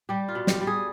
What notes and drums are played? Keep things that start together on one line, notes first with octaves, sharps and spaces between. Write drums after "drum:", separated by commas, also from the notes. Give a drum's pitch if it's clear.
G3 G4
F4
B2
G4, drum: snare
G3
G#4